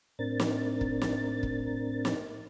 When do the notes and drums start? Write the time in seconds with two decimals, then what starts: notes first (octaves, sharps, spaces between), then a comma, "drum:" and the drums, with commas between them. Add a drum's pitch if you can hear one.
0.19 A2 C4 D4 A#4 A6
0.40 drum: snare
0.81 drum: kick
1.02 drum: snare
1.43 drum: kick
2.05 drum: snare